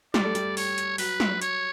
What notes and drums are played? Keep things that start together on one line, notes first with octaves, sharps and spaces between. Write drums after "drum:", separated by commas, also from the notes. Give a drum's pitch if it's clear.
G3 D5, drum: snare
A3
G3, drum: hi-hat
C#5, drum: open hi-hat
drum: hi-hat
F#3 B4, drum: open hi-hat
drum: snare
C#5, drum: hi-hat